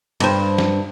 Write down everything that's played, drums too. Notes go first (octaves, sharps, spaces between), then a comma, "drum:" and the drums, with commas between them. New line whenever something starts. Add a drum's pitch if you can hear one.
G2 C5, drum: cymbal
drum: snare